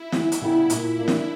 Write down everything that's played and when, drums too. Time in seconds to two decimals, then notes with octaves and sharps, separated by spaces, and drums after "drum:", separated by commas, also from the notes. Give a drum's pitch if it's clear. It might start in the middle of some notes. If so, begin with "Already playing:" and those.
Already playing: E4
0.12 E2, drum: snare
0.32 drum: hi-hat
0.42 C#3 G3 B3 E4
0.70 A#2, drum: hi-hat
0.98 A#3 D4
1.08 drum: snare